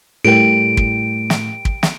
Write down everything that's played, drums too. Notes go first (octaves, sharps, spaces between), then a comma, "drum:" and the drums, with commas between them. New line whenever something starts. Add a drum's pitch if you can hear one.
A2 G3 A#4 G5 D7
drum: kick
drum: snare
drum: kick
drum: snare